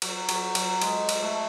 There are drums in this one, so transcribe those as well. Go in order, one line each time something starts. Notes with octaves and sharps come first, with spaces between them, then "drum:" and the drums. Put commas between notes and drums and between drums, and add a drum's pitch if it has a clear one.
F#3, drum: cymbal
F#3, drum: cymbal
F#3, drum: cymbal
G#3, drum: cymbal
drum: cymbal
A3